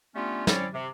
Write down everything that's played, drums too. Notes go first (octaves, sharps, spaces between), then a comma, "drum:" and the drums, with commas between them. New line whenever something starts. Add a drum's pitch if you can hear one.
G3 A3 B3 C#4 D4 F4
C4 C#4 E4 C#5 D5, drum: snare
C3